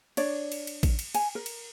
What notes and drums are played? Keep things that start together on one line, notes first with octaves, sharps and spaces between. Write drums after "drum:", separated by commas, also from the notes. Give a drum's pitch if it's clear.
D4 C#5 D5, drum: cymbal
drum: cymbal
drum: cymbal
drum: kick A1, cymbal
drum: cymbal
G#5, drum: cymbal
A#4
drum: cymbal